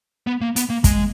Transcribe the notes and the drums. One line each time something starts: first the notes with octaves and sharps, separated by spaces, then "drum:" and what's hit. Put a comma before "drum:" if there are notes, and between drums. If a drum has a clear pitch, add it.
B3
A#3
B3, drum: hi-hat
A#3
G#3, drum: kick, hi-hat